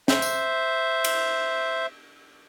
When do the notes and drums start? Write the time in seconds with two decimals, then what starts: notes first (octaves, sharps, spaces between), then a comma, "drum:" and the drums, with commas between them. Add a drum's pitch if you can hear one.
0.08 C5 E5, drum: snare
0.22 drum: tambourine
1.04 drum: cymbal